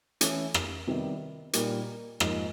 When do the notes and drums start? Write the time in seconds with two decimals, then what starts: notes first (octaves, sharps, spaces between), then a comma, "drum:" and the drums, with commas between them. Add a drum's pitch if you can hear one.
0.21 E3 A3 C#4 E4 A4, drum: hi-hat
0.54 drum: rim click
0.87 C3 D#3 G3 B3
1.53 A#2 G3 A#3 D#4, drum: hi-hat
2.20 G#2 F3 A#3, drum: rim click